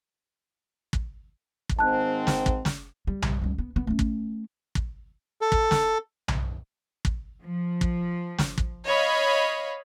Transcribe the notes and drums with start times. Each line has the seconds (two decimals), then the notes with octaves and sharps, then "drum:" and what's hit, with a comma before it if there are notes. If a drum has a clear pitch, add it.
0.93 drum: kick
1.69 drum: kick
1.79 G#2 D#3 C4 A5 F#6
2.27 drum: snare
2.46 drum: kick
2.65 drum: snare
3.07 G3
3.22 drum: tom B1
3.41 C#2 G3
3.58 B3
3.76 B3
3.87 A3 C#4
3.99 drum: kick
4.75 drum: kick
5.41 A4
5.52 drum: kick
5.71 drum: snare
6.28 drum: tom B1
7.05 drum: kick
7.44 F3
7.81 drum: kick
8.38 drum: snare
8.58 drum: kick
8.85 C#5 D#5 F5 B5